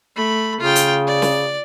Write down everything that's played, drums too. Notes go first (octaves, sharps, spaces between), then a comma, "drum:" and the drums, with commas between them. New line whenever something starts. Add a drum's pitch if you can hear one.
A3 B5
C#3 F4 G5
drum: hi-hat
D5
drum: snare